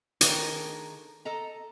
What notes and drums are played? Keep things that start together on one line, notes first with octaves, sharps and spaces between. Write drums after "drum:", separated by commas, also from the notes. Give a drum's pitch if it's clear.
D#3 A3 D4 G#4 A#4, drum: hi-hat
A4 D#5 A#5